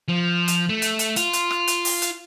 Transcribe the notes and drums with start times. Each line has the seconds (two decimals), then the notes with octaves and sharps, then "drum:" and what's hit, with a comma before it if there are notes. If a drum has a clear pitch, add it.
0.09 F3
0.48 drum: hi-hat
0.69 A3
0.82 drum: hi-hat
0.99 drum: hi-hat
1.16 F4, drum: hi-hat
1.33 drum: hi-hat
1.51 drum: rim click
1.68 drum: hi-hat
1.85 drum: open hi-hat
2.02 drum: hi-hat